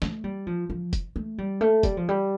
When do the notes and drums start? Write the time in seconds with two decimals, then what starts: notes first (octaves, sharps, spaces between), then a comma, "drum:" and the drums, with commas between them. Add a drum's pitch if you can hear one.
0.02 A3, drum: snare
0.24 G3
0.47 F3
0.70 F3
0.93 drum: kick, hi-hat
1.16 A3
1.38 G3
1.61 A3
1.83 G3, drum: kick, hi-hat
1.97 F3
2.09 G3